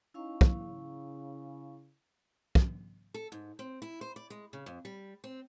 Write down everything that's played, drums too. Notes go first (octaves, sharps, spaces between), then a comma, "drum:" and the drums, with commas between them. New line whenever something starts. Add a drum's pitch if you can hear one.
C#4 D#4 E4 F5 C#6
drum: kick
C#3
drum: kick
A4
G#2
C4
E4
C5
D5
G#3
C#3
F2
G3
C4